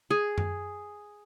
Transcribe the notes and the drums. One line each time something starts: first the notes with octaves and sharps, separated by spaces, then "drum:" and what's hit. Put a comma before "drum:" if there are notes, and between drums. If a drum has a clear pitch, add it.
G#4
drum: tom F#2